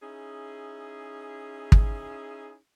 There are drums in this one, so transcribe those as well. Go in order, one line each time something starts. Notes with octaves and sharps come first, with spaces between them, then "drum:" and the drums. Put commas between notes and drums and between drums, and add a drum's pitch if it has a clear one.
C#4 D#4 E4 G#4
drum: kick